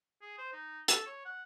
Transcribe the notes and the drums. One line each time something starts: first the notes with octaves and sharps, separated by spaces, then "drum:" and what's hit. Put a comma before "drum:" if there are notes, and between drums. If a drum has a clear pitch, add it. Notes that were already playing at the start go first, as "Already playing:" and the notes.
G#4
C5
D#4
A4, drum: hi-hat
C#5
F#5